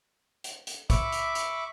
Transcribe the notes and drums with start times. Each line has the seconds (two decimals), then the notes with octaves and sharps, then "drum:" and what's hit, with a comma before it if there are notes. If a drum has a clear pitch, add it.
0.44 drum: hi-hat
0.67 drum: hi-hat
0.90 E5 B5 C#6 D6, drum: kick, hi-hat
1.12 drum: hi-hat
1.35 drum: hi-hat